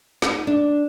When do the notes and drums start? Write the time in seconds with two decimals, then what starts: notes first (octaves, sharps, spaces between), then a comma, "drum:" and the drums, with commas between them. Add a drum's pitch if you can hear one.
0.22 D#4, drum: snare
0.47 D4